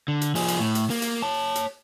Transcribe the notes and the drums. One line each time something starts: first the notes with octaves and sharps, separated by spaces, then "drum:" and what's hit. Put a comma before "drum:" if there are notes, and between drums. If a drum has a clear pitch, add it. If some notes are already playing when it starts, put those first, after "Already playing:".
D3
drum: hi-hat
F3 G#4, drum: open hi-hat
drum: hi-hat
A2
drum: hi-hat
A#3, drum: open hi-hat
drum: hi-hat
C#5 A5
drum: hi-hat